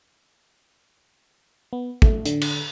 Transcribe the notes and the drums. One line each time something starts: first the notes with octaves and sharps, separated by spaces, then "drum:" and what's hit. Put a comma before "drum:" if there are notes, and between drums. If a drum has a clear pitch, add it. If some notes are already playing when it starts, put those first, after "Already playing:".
B3
A3, drum: kick
D3, drum: hi-hat
drum: cymbal